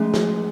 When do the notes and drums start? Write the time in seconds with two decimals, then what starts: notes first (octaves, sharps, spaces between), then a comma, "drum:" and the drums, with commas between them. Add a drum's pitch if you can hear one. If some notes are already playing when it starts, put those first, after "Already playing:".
Already playing: F3 G#3 A3 C#4
0.14 G#3, drum: snare